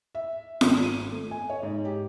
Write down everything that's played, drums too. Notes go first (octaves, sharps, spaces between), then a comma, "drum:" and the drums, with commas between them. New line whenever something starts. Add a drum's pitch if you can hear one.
E5
G#1, drum: snare
D#7
A3
G#5
C#5
G#2
G4